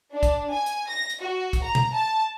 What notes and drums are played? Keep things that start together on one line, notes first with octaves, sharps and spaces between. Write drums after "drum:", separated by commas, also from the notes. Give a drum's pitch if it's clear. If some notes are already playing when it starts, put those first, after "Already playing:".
D4
drum: kick, hi-hat
G#5
drum: hi-hat
A#6
drum: hi-hat
F#4
drum: kick, hi-hat
A#5
drum: tom B2
A5